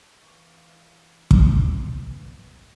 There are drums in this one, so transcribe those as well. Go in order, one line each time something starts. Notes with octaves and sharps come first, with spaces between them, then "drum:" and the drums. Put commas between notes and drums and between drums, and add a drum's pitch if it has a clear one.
E3 F5 C#6 D6
A#3 G4 C5, drum: kick
A#2 G#3 B3